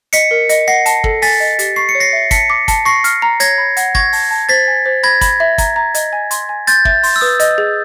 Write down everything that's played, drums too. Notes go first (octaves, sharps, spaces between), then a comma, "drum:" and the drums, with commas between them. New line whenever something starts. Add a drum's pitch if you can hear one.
D#5 B6 C#7, drum: hi-hat
A#4
D#5, drum: hi-hat
F#5 A#6 C7
A5, drum: hi-hat
A4, drum: kick
G#5 A6 B6, drum: open hi-hat
D#5
G4, drum: hi-hat
C#6 C7
C#7
C#5
A#6 C7
E5
A5 B6 C#7, drum: kick, hi-hat
D6
A5, drum: kick, hi-hat
C#6 A#6 C7
F6, drum: hi-hat
A#5
C#5 G#6 A#6, drum: hi-hat
B5
F#5, drum: hi-hat
C#6 G#6 A#6, drum: kick
A5, drum: open hi-hat
A5
C5 A6 B6
G#5
C5
B5 G#6 A#6
B5, drum: kick, hi-hat
E5
A#5, drum: kick, hi-hat
A#5
D#5, drum: hi-hat
G#5
C6, drum: hi-hat
G#5
C6 G6 A6, drum: hi-hat
E5, drum: kick
C6, drum: open hi-hat
E6
B4 D#6
D#5, drum: hi-hat
G#4